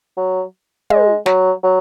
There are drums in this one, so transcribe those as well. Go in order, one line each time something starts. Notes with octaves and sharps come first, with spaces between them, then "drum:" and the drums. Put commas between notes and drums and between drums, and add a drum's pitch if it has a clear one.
F#3
G#3, drum: tom
F#3, drum: snare
F#3